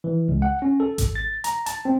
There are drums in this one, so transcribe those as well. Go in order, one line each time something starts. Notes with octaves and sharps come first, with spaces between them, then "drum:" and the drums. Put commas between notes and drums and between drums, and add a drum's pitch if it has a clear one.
E3
C#2
F#5
C#4
A4
drum: kick G#1, hi-hat
A6
A#5, drum: hi-hat
A5, drum: hi-hat
C4